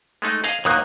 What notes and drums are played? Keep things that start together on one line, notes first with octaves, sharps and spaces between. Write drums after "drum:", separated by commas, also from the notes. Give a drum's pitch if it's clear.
G#3 A3 D#4
G#4 D#5 F5, drum: hi-hat
D#2 D#3 F#3 A#3 D#6 F#6